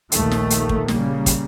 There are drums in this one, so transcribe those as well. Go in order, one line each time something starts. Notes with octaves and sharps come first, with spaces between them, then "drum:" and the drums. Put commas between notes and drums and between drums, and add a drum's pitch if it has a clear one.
A#1 D#2 D#3 A3, drum: hi-hat
drum: snare
drum: hi-hat
drum: kick
C#3 G3 A#3, drum: snare
drum: kick, hi-hat